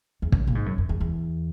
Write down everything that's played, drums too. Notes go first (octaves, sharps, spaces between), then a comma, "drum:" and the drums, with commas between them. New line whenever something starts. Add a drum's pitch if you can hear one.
E2
F#2, drum: kick
A#2
G#2
F#2
F#2
E2
E2